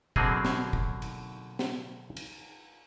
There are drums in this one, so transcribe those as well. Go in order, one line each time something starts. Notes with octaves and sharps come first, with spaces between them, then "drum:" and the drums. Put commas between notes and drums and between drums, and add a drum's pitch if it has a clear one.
B2 D3 F#3 A#3 C4 G#4, drum: kick
drum: snare
drum: kick
drum: cymbal
drum: snare
drum: cymbal